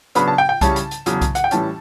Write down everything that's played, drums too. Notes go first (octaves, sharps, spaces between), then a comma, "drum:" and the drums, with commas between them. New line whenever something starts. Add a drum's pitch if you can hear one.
C#3 F#3 B3 D4 B5, drum: hi-hat
A5
G5
G5
C#3 G3 C#4 E4 A5, drum: kick C2, hi-hat
drum: hi-hat
drum: hi-hat
E2 C#3 F#3, drum: hi-hat
drum: kick C2, hi-hat
F#5, drum: hi-hat
G5
A2 E3 G3 C#4 A5, drum: hi-hat